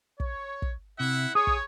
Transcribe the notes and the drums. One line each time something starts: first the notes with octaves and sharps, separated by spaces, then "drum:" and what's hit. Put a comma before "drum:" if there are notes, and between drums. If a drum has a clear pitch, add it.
C#5, drum: kick
drum: kick
C3 E4 E5 F#5
G#4 C#5 D#6
drum: kick